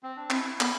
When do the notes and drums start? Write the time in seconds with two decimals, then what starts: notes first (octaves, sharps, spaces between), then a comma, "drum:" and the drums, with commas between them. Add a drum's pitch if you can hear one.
0.03 C4
0.17 D4
0.30 C4 E4, drum: clap
0.61 B3, drum: clap